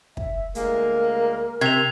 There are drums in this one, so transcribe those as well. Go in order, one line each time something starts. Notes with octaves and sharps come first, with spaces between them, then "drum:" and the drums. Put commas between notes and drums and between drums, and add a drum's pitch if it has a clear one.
E5, drum: kick
D2 G#3 A#3 A#4, drum: hi-hat
C3 G#6 F7